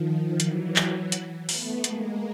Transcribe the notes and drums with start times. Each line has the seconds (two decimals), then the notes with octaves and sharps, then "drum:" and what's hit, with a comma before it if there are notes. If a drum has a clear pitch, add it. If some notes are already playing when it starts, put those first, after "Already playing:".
Already playing: D#3 F3
0.40 E3 F#3, drum: hi-hat
0.76 drum: clap
1.12 drum: hi-hat
1.49 A3 B3, drum: open hi-hat
1.84 G#3 A#3, drum: hi-hat